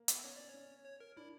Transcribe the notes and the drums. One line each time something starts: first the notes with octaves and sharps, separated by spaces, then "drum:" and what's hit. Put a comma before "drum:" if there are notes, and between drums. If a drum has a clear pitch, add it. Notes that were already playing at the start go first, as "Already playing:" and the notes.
Already playing: A#3
B3, drum: hi-hat
C#4 C#5
C#4 D5
C#5
C#4
C#5
A#4
D4 E4